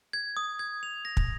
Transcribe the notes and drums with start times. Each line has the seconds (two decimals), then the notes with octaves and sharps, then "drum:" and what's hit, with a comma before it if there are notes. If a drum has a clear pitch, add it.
0.13 G#6
0.37 D#6
0.59 G#6
0.83 F7
1.05 A#6
1.17 drum: kick